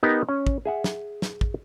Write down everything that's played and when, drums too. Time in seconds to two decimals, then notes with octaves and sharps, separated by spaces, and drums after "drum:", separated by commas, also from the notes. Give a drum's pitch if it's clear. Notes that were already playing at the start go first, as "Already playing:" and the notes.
0.03 B3 D#4 G4 A#4
0.29 C#4
0.47 drum: kick
0.65 G#4 E5 F#5
0.84 drum: snare
1.22 drum: snare
1.41 drum: kick